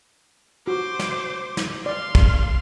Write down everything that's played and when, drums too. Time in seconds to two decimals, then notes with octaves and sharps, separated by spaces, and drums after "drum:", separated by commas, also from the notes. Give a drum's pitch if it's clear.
0.67 F#4 C5 D6
0.99 drum: snare
1.57 drum: snare
1.86 D5 F5 C6
2.15 drum: kick